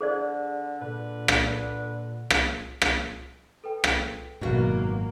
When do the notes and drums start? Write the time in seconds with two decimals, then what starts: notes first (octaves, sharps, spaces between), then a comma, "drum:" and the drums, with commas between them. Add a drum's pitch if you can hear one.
0.01 D3 G#4 C5 D5
0.81 A#2 D3 B4
1.28 drum: rim click
2.30 drum: rim click
2.82 drum: rim click
3.64 A4 B4 G5
3.84 drum: rim click
4.41 G#1 F#2 B2 F#3 A#3 F#4 F5